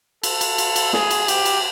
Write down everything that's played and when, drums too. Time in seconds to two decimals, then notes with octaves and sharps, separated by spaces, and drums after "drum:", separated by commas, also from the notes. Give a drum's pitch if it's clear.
0.23 A4, drum: cymbal
0.41 drum: cymbal
0.58 drum: cymbal
0.76 drum: cymbal
0.93 G#4, drum: snare
1.11 drum: cymbal
1.28 G4, drum: cymbal
1.45 drum: cymbal